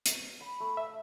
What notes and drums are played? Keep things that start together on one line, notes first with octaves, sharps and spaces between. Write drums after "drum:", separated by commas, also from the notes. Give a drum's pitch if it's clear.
drum: hi-hat
B5
A3
E5